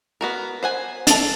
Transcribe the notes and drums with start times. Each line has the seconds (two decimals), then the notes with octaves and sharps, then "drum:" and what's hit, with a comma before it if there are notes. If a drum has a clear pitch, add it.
0.21 B3 F#4 A#4
0.63 C5 F#5 G#5
1.07 A4 E5 A5, drum: hi-hat